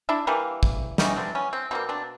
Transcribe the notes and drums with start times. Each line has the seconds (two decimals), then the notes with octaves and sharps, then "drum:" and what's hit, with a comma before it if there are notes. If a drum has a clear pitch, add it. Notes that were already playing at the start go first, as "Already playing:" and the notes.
0.09 D4 E4
0.27 E3 G3 A#3
0.63 drum: kick
0.98 E3 G3 B3 C#4 D#4, drum: snare
1.17 C4 D4
1.35 B3 C#4
1.53 C4
1.71 B2 G3 A#3 C4
1.89 C4 D4